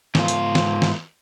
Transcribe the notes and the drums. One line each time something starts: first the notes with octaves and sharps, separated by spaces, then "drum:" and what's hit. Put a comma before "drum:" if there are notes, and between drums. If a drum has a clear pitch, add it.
G#2 F4, drum: snare
drum: hi-hat
drum: snare
drum: snare